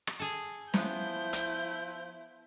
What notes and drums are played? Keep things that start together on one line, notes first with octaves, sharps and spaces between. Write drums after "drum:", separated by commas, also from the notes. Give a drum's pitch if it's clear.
drum: rim click
G#4 A4
F3 B3 E4 G6, drum: snare
drum: hi-hat